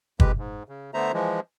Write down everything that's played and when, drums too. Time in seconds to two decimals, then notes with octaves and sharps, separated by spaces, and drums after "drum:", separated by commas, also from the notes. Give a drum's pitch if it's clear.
0.20 F2 G#3 G4 B4, drum: kick
0.38 G#2
0.69 C#3
0.94 D3 A3 B3 C5 E5 A#5
1.14 E3 F3 G#3